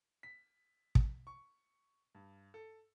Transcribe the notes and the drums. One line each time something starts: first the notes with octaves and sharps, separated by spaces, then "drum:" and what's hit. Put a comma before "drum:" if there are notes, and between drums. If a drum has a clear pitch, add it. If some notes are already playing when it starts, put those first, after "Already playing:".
B6
drum: kick
C#6
G2
A4